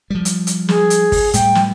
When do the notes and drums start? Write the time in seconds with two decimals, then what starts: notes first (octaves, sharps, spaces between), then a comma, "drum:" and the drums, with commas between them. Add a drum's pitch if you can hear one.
0.10 F3 G3
0.25 drum: hi-hat
0.47 drum: hi-hat
0.69 G#4, drum: snare
0.90 drum: hi-hat
1.12 drum: kick, open hi-hat
1.34 A2 G3 G5, drum: hi-hat
1.55 drum: snare